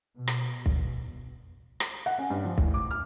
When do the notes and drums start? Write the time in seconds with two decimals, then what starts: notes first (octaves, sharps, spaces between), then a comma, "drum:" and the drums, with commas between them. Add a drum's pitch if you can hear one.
0.18 B2
0.27 drum: rim click
0.66 drum: kick
1.80 drum: rim click
2.06 F#5
2.18 C#4
2.30 G2
2.45 F3
2.58 A2, drum: kick
2.74 D6
2.91 F6